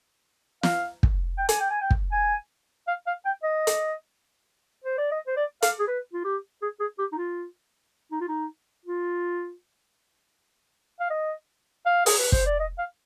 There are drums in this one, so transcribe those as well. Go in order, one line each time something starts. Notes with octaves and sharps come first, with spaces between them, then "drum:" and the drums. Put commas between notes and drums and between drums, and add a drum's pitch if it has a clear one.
F5, drum: snare
drum: kick
G5
G#5, drum: hi-hat
G5
G#5
G5
drum: kick
G#5
F5
F5
G5
D#5
drum: hi-hat
C5
D5
D#5
C5
D5
F5, drum: hi-hat
G#4
B4
F4
G4
G#4
G#4
G4
D#4
F4
D#4
F4
D#4
F4
F5
D#5
F5
G#4, drum: open hi-hat
B4
C5, drum: kick
D5
D#5
F5